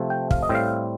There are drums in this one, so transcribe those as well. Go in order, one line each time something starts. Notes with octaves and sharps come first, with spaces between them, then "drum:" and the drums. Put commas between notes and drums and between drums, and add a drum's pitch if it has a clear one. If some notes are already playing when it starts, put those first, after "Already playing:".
Already playing: C3 F3 A3 C4
G5
F5, drum: kick
D#5
A2 G3 C4
F5